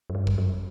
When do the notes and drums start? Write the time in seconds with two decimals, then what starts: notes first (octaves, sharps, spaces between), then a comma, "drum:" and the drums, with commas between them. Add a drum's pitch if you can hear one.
0.10 F#2
0.15 G2
0.27 drum: kick
0.38 F#2